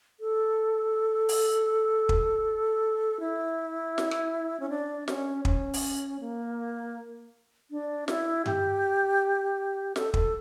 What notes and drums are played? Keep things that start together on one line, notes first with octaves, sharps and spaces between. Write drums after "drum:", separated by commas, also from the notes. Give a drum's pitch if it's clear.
A4
drum: open hi-hat
drum: kick
E4
drum: snare
drum: rim click
C#4
D4
C#4, drum: snare
C#4, drum: kick
drum: open hi-hat
A#3
D4
E4, drum: snare
G4, drum: tom G2
A4, drum: snare
A4, drum: kick